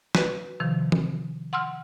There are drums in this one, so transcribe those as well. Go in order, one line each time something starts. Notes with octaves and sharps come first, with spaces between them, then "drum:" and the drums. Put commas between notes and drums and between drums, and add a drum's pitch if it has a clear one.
F#4 B4, drum: snare
C3 D#3 F3
drum: tom E3
F#5 C6 E6 F6